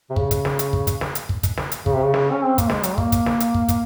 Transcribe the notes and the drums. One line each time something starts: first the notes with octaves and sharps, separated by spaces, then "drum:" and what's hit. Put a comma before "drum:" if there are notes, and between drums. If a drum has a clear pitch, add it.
C3
C#3, drum: kick
drum: kick, hi-hat
drum: snare
drum: hi-hat
drum: kick
drum: kick, hi-hat
drum: snare
drum: hi-hat
drum: kick
drum: kick, hi-hat
drum: snare
drum: hi-hat
C#3, drum: kick
C3
C#3
drum: snare
C#4
C4
A#3, drum: kick, hi-hat
G#3, drum: snare
F#3, drum: hi-hat
A#3, drum: kick
drum: kick, hi-hat
drum: snare
drum: hi-hat
drum: kick
drum: kick, hi-hat